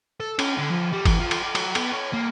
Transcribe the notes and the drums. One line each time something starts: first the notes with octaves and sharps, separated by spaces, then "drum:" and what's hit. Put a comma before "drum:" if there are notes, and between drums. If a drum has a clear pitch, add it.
A4
C#4, drum: cymbal
D3
F3
G3
E2, drum: kick G1, cymbal
F3
drum: cymbal
D5
F#3, drum: cymbal
B3, drum: cymbal
C#5
A#3